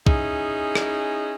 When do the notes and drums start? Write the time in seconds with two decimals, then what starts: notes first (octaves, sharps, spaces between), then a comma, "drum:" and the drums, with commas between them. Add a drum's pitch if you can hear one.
0.07 C#4 D#4 E4 G#4, drum: kick
0.75 drum: rim click